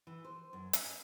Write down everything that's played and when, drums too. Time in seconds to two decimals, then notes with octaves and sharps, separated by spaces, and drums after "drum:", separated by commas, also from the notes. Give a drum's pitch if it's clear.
0.07 E3
0.24 C5
0.53 F#2
0.73 C#4, drum: hi-hat